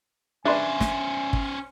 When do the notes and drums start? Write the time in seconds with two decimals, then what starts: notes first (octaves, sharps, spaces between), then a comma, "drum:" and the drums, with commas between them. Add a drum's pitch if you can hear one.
0.45 C#4 D4 B4 C5 E5 G#5 C6
0.80 drum: snare
1.33 drum: kick